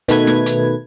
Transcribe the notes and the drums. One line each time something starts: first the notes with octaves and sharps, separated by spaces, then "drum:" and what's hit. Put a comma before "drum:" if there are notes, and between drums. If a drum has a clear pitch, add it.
B2 D#3 A3 B4 G#6, drum: hi-hat
drum: snare
drum: hi-hat